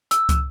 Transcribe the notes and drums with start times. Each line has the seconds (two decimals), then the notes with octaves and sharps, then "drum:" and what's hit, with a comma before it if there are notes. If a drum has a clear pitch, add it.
0.11 E6, drum: hi-hat
0.29 drum: kick, hi-hat